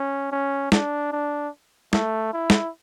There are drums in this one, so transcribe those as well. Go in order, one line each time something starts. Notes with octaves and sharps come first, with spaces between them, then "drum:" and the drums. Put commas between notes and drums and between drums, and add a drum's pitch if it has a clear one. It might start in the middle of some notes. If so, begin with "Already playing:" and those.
Already playing: C#4
C#4
D4, drum: snare
D4
A3, drum: snare
E4
drum: snare